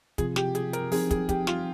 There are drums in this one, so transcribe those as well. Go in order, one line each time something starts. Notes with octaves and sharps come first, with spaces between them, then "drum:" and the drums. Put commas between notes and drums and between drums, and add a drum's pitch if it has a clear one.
C3 F3 C4 F4 G#4, drum: kick, hi-hat
G4, drum: snare
G#4, drum: hi-hat
A#4, drum: hi-hat
F3 C4 D#4 G#4, drum: open hi-hat
G#4, drum: kick, hi-hat
G4, drum: kick, hi-hat
F4, drum: snare